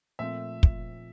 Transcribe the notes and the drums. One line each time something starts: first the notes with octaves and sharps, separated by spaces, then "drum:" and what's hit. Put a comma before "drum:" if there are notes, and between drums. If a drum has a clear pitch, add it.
A#2 F3 A3 C4 F4 E5
drum: kick